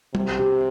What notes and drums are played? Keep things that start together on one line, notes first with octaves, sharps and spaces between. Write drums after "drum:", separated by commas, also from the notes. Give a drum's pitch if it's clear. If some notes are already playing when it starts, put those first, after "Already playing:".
C3, drum: tom G3
G4